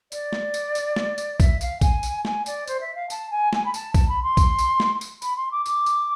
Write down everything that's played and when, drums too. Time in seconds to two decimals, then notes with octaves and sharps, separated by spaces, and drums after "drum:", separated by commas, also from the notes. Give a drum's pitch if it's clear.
0.12 D5, drum: tambourine
0.33 drum: snare
0.54 drum: tambourine
0.75 drum: tambourine
0.96 drum: snare
1.18 drum: tambourine
1.40 E5, drum: kick, tambourine
1.61 F5, drum: tambourine
1.81 G#5, drum: kick, tambourine
2.03 drum: tambourine
2.25 G#5, drum: snare
2.46 D5, drum: tambourine
2.67 C5, drum: tambourine
2.80 E5
2.95 F5
3.10 A5, drum: tambourine
3.30 G#5
3.53 G#5, drum: snare
3.65 B5
3.74 A5, drum: tambourine
3.94 A5, drum: kick, tambourine
4.08 B5
4.23 C6
4.37 drum: kick, tambourine
4.59 drum: tambourine
4.80 drum: snare
5.01 drum: tambourine
5.22 B5, drum: tambourine
5.36 C6
5.51 D6
5.66 D6, drum: tambourine
5.86 drum: tambourine